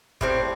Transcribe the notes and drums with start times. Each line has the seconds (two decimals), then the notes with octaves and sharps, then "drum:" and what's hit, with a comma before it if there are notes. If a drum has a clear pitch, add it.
0.21 A2 G3 C4, drum: kick G1